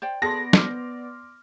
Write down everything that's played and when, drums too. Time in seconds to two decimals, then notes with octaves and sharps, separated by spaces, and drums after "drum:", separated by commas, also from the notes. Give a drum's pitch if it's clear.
0.02 C5 D5 G5
0.22 B3 G#4 A4 D5 A5 C6 A#6
0.53 C5 C6 D6 F6, drum: snare